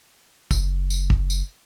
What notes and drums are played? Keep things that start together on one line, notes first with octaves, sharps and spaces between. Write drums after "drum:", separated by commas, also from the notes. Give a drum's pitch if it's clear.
F#1, drum: kick, tambourine
drum: tambourine
drum: kick
drum: tambourine